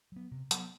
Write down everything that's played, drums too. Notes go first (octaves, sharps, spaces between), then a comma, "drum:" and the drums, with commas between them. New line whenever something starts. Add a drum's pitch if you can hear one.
F#3 B3
C3
F#3 B3, drum: hi-hat